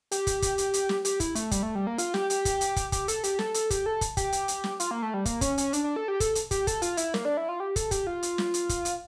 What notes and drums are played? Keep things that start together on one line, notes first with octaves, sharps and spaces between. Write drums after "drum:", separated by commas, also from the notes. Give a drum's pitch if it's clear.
G4, drum: hi-hat
drum: kick, hi-hat
drum: kick, hi-hat
drum: hi-hat
drum: hi-hat
drum: snare
G4, drum: hi-hat
E4, drum: kick, hi-hat
A3, drum: hi-hat
G3, drum: kick, hi-hat
A3
G3
A#3
F4, drum: hi-hat
G4, drum: snare
G4, drum: hi-hat
drum: kick, hi-hat
drum: hi-hat
drum: kick, hi-hat
G4, drum: kick, hi-hat
A4, drum: hi-hat
G4, drum: hi-hat
A4, drum: snare
A4, drum: hi-hat
G4, drum: kick, hi-hat
A4
drum: kick, hi-hat
G4, drum: kick, hi-hat
drum: hi-hat
drum: hi-hat
drum: snare
F4, drum: hi-hat
A#3
A3
G3
A#3, drum: kick, hi-hat
C#4, drum: kick, hi-hat
C#4, drum: hi-hat
D4, drum: hi-hat
D4
A4
G4
A4, drum: kick, hi-hat
drum: hi-hat
G4, drum: kick, hi-hat
A4, drum: kick, hi-hat
F4, drum: hi-hat
E4, drum: hi-hat
A#3, drum: snare
D4
E4
F4
G4
A4, drum: kick, hi-hat
G4, drum: kick, hi-hat
F4
drum: hi-hat
drum: snare
drum: hi-hat
drum: kick, hi-hat
drum: hi-hat